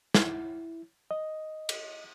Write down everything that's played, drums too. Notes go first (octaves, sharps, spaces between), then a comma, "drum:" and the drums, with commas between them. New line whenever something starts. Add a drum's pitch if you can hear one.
E4, drum: snare
D#5
drum: cymbal